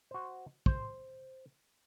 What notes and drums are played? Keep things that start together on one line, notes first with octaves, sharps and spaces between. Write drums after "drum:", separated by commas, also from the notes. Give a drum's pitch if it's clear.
F#4 C5
C5, drum: kick